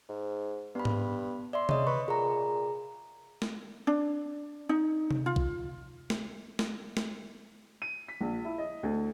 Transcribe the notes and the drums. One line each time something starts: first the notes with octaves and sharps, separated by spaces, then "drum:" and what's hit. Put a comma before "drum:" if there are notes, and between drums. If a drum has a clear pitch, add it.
G#2
G2 B3 B5
drum: tom G#2
D5 E5 C6
C#3 C#5 D#5, drum: tom C3
B4 C#6
A#2 G#4 A#5
drum: snare
D4
D#4
drum: tom C3
F4
drum: kick B1
drum: snare
drum: snare
drum: snare
D#7
B6
A#1
E4
D#5
D2